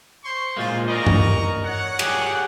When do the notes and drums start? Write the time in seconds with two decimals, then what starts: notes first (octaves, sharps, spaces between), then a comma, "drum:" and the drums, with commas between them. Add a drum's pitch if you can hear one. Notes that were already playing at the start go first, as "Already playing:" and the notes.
0.24 C5 C6 C#6
0.57 A#2 G#3 A#3 F4 C5
0.88 A#4 D5 D#5 A#5 C#6
1.07 drum: tom G2
1.62 C#5 F#5
1.99 G4 G#4 D5, drum: cymbal